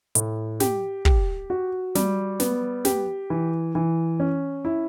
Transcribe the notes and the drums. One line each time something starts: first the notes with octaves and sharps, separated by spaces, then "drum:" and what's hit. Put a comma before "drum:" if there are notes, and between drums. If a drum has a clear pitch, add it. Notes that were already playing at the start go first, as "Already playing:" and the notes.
A2, drum: hi-hat
G4, drum: snare
G4, drum: kick
F#4
G3, drum: snare
B3, drum: snare
G4, drum: snare
E3
E3
C#4
E4